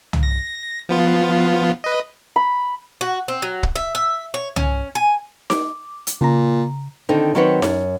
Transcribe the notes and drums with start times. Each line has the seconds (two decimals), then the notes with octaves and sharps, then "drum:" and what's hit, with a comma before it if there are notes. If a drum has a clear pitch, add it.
0.13 drum: tom
0.23 A#6
0.89 F3 B3 F4
1.84 B4 D#5
2.36 B5
3.01 F#4
3.28 C4
3.42 F#3
3.63 drum: kick
3.76 E5
3.95 E5
4.34 C#5
4.56 C#4, drum: tom
4.95 G#5
5.50 D6, drum: snare D#4
6.07 drum: hi-hat
6.21 A#2 C#3 A#5
7.09 D3 D#3 C4 D#4
7.35 D#3 F#3 C4 D#4 B4 C#5
7.62 F#2, drum: snare D#4